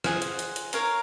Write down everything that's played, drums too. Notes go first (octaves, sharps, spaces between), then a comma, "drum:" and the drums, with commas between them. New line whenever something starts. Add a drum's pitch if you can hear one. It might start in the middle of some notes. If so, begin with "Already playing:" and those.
F4 G#4 C5 F#5, drum: rim click
drum: hi-hat
drum: hi-hat
drum: hi-hat
A#4 C#5 F5 A#5, drum: hi-hat